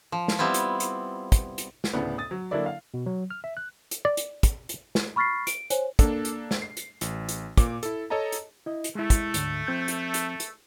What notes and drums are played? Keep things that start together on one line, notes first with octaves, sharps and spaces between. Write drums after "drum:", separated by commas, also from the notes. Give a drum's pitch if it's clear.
F3
drum: snare
G3 B3 C4 E4 F4
drum: hi-hat
drum: hi-hat
drum: kick, hi-hat
drum: hi-hat
drum: snare
D2 A2 C#3 B3 D4
D#6 A6
F#3
D3 F#3 A#3 D4 E4 D5
F5
B2
F#3
F6
E5
F#6
drum: hi-hat
D5
drum: hi-hat
drum: kick, hi-hat
drum: hi-hat
drum: snare
B5 C#6 F6 A6 B6 C7
D7, drum: hi-hat
C5 C#5 G#5, drum: hi-hat
A#3 D4 A4, drum: kick, hi-hat
drum: hi-hat
drum: snare
C7
drum: hi-hat
A1, drum: hi-hat
drum: hi-hat
A#2 D6, drum: kick, hi-hat
E4 A4, drum: hi-hat
A4 C#5 D#5 A5 A#5
drum: hi-hat
E4 D#5
drum: hi-hat
G#3 A3 E4
drum: kick, hi-hat
D2 G#2 D3, drum: hi-hat
F3 C4 G6
drum: hi-hat
drum: hi-hat
drum: hi-hat